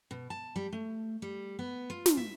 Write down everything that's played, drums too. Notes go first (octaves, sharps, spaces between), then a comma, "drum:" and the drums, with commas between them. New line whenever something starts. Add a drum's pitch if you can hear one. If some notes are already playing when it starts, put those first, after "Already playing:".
B2
A5
G3
A3
G3
B3
F4
drum: snare
E5